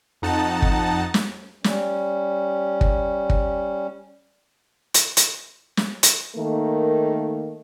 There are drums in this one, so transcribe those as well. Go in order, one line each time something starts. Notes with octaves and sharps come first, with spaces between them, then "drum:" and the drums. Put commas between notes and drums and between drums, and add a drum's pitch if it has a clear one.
F2 D#4 F#5 A5
drum: kick
drum: snare
G3 C#4, drum: snare
drum: kick
drum: kick
drum: hi-hat
drum: hi-hat
drum: snare
drum: hi-hat
D#3 A3 A#3